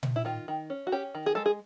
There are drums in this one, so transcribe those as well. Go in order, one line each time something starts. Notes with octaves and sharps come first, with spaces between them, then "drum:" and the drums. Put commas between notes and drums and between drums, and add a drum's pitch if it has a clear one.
drum: tom A#2
E4
D#3 F4
D#3
C#4
F#4
C#4 G4
D#3
G#4
G#3 A4
G#4